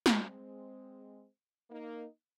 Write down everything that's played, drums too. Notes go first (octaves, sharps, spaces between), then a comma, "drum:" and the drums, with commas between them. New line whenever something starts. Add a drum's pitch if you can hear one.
drum: snare
G#3 C4
A#3 D#4